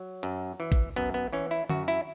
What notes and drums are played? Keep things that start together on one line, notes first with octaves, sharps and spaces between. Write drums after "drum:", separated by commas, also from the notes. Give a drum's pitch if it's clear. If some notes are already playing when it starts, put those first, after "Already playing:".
Already playing: F#3
F#2, drum: hi-hat
E3
drum: kick G#1, hi-hat
F#2 B3, drum: hi-hat
B3
E3 C#4
E4
F#2 F#4, drum: tom D3
E4